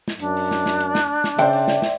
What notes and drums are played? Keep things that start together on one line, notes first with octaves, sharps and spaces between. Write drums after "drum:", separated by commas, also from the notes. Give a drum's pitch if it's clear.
drum: snare
F#2 D4, drum: hi-hat
drum: open hi-hat
drum: snare
drum: snare
drum: hi-hat
drum: snare
drum: snare
C#3 C5 D5 E5 G5, drum: hi-hat
drum: open hi-hat
drum: snare
drum: snare